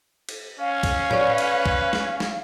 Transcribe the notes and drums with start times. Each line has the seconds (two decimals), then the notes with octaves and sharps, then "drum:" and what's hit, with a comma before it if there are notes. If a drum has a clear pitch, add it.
0.29 drum: cymbal
0.60 C#4 F5
0.83 drum: kick, cymbal
1.11 B4 C#5 D5 C#6, drum: tom A2
1.38 drum: cymbal
1.66 drum: kick
1.93 drum: snare
2.20 drum: snare